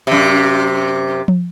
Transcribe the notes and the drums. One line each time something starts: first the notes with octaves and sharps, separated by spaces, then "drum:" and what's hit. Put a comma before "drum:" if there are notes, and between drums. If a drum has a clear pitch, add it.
F#2 C3
drum: tom F3